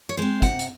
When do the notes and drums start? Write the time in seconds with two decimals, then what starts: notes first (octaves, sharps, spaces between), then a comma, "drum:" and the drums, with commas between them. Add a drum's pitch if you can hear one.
0.09 C#5
0.17 G#3 C4 C5
0.42 C3 F#5, drum: kick, hi-hat
0.59 drum: hi-hat